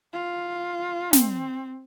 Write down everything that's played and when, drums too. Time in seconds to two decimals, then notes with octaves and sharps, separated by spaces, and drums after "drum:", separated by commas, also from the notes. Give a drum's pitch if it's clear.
0.13 F4
1.13 C4, drum: snare